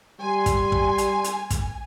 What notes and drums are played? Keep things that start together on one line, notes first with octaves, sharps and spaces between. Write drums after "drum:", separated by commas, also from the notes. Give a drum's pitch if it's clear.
G3 G#5 C6
drum: kick, hi-hat
drum: kick
drum: hi-hat
drum: hi-hat
drum: kick, hi-hat